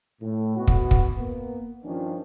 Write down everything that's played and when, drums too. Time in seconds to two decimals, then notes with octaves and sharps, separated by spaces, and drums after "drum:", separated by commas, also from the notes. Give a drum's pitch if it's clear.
0.21 A2
0.56 B2 B3 F#4
0.68 drum: kick
0.91 drum: kick
1.17 A#3 B3
1.85 G2 D#3 F3 C#4 D4